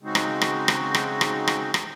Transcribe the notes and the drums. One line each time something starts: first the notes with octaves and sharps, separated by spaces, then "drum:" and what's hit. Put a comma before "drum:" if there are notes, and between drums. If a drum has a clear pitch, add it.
C#3 G#3 C4 D#4 F#4
drum: rim click
drum: rim click
drum: rim click
drum: rim click
drum: rim click
drum: rim click
drum: rim click